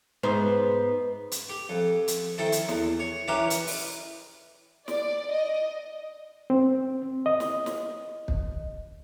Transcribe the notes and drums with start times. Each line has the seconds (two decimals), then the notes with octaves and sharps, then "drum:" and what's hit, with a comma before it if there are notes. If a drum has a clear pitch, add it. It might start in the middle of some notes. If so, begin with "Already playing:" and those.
0.23 G#2 B3 C5
1.32 drum: hi-hat
1.49 G4
1.69 F2
2.08 drum: hi-hat
2.38 D#3 C4 E4 A4
2.52 drum: hi-hat
2.69 E2, drum: snare
3.00 C#5
3.28 E3 C#4 G4 A#4 B4
3.50 drum: hi-hat
3.67 drum: open hi-hat
4.88 D5, drum: snare
5.31 D#5
6.50 C4
7.26 D#5
7.40 drum: snare
7.66 drum: snare
8.28 drum: kick